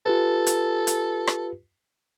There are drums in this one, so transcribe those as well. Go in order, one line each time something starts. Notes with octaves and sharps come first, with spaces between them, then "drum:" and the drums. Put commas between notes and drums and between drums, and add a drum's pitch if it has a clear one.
F4 G4 A4 B4
drum: hi-hat
drum: hi-hat
drum: rim click